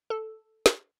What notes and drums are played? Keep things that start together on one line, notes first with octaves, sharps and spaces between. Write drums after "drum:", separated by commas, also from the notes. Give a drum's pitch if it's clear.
A4
drum: snare